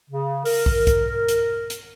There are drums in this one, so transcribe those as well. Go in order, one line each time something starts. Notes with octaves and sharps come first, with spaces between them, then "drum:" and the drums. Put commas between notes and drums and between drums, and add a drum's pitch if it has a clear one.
C#3
A#4, drum: open hi-hat
drum: kick
drum: kick, hi-hat
drum: hi-hat
drum: hi-hat